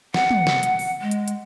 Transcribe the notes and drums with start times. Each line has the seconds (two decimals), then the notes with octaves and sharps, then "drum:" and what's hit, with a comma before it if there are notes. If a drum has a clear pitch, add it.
0.14 F#5, drum: snare
0.31 drum: tom
0.47 drum: snare
0.63 drum: hi-hat
0.79 drum: open hi-hat
1.02 G#3
1.11 drum: hi-hat
1.28 drum: hi-hat